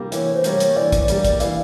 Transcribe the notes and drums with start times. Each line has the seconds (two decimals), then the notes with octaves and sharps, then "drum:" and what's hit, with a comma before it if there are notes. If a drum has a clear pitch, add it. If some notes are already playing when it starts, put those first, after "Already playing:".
Already playing: G3 A#3
0.12 E3 C#5, drum: hi-hat
0.34 C5
0.44 G3 A#3 C#5, drum: hi-hat
0.60 drum: hi-hat
0.76 E3 D5
0.92 drum: kick, hi-hat
1.08 G3 A#3, drum: hi-hat
1.25 drum: kick, hi-hat
1.40 E3 F5, drum: hi-hat